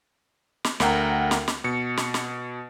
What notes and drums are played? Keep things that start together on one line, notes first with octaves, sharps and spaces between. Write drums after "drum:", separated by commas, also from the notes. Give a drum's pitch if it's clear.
drum: snare
D2 A#4 F#5 G5 A#5, drum: snare
drum: snare
drum: snare
B2 C#7
drum: snare
drum: snare